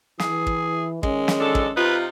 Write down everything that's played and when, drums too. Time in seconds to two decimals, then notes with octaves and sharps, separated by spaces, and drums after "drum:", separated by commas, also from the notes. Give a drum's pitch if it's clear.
0.19 E3 G#4, drum: snare
0.47 drum: kick
1.03 D#3 G#3 C#4, drum: kick
1.28 drum: snare
1.40 F3 D4 A4
1.55 drum: kick
1.76 C3 D#4 F4 B4